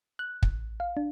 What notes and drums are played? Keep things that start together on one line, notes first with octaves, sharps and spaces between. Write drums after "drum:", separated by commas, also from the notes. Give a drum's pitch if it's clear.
F#6
A1, drum: kick
F5
D4